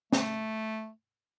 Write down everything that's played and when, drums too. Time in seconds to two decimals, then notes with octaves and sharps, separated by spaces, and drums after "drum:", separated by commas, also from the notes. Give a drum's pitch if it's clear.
0.12 A3, drum: snare